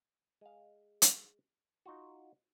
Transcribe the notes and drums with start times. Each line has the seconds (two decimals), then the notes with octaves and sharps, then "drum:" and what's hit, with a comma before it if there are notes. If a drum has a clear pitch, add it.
0.41 G#3 F5
1.02 drum: hi-hat
1.86 D#4 F4 F#4